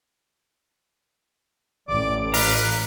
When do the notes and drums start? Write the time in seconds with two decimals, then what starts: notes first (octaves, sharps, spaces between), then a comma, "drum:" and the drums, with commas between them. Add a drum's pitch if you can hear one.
1.88 A1 A2 D5 D6
2.34 B4 F5 A#5, drum: open hi-hat